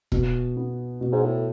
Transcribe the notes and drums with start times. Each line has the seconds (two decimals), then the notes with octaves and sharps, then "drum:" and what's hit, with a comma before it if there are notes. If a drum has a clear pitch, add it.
0.12 B2, drum: kick E1
0.57 B3
1.01 B2
1.12 G#2
1.24 A2